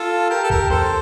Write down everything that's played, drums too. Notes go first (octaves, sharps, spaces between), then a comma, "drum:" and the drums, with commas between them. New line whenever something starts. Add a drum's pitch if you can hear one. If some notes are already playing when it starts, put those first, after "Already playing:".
Already playing: F4 A4
G4 A#4
A4
G4 A#4, drum: kick
A4 C5, drum: tom E2